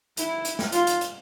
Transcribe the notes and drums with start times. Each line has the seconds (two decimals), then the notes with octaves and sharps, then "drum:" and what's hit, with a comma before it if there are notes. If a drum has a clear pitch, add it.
0.17 E4, drum: hi-hat
0.45 drum: hi-hat
0.59 drum: snare
0.72 F4, drum: hi-hat
0.87 drum: hi-hat
1.01 drum: hi-hat